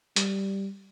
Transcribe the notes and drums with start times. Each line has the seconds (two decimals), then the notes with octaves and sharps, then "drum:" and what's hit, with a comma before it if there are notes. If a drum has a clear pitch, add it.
0.16 G3, drum: hi-hat